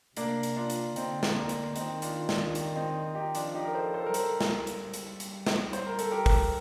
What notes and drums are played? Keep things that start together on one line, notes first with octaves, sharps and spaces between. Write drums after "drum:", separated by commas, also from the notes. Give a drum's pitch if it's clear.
C3 A#3 D4, drum: hi-hat
drum: hi-hat
D4 F4
drum: hi-hat
D3 C4 D#4, drum: hi-hat
drum: snare
A#3 D4
drum: hi-hat
D#3 C4 D#4, drum: hi-hat
D4 F4, drum: hi-hat
D4 F4, drum: snare
D#4 G4, drum: hi-hat
C4 D#4
D#4 G4
F3 D4 F4, drum: hi-hat
D#4 G4
A#4
A4 C5
A4 C5
A#4
G3 A4 C5, drum: hi-hat
drum: snare
drum: hi-hat
drum: hi-hat
drum: hi-hat
drum: snare
C5, drum: hi-hat
A#4
A4, drum: hi-hat
G4 A#4
drum: kick, open hi-hat